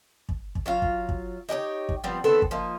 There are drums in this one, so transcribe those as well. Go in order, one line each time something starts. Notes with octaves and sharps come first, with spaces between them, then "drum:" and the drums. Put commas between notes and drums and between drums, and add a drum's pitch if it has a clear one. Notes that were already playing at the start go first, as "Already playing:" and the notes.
drum: kick
drum: kick
F#3 F4 F5
drum: kick
drum: kick
D#4 G4 A#4 C#5
drum: kick
F3 G3 B3 C4
D#3 B3 C4 A4
drum: kick
F3 A#3 D#4